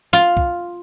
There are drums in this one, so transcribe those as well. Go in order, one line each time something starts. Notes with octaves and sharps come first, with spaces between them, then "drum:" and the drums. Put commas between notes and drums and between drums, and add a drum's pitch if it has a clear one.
F4
drum: kick C2